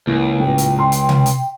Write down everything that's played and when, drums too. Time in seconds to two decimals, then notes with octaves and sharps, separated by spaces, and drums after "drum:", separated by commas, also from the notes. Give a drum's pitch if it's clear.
0.07 C#2 E3 A#3
0.40 A1 A#2 G5
0.58 drum: hi-hat
0.79 C6
0.92 drum: hi-hat
1.09 drum: tom C3
1.26 drum: hi-hat